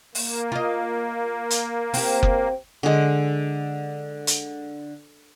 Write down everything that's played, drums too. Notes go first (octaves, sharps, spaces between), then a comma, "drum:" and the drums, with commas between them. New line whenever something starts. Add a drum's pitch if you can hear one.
A#3, drum: open hi-hat
F4 D#5
drum: hi-hat
C4 G4, drum: open hi-hat
drum: kick F#1
D3 G#3
drum: hi-hat